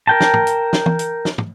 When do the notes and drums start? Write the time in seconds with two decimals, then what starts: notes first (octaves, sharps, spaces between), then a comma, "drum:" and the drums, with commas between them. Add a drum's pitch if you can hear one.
0.07 A#4 G5 A5
0.21 drum: snare
0.34 drum: tom
0.47 drum: hi-hat
0.73 drum: snare
0.86 drum: tom E3
0.99 drum: hi-hat
1.25 drum: snare
1.38 drum: tom